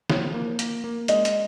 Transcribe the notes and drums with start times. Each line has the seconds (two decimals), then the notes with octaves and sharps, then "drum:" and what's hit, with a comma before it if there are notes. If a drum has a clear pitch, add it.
0.10 F3, drum: snare
0.34 A#3
0.59 A#3, drum: hi-hat
0.84 A#3
1.08 G#3 D#5, drum: hi-hat
1.25 drum: hi-hat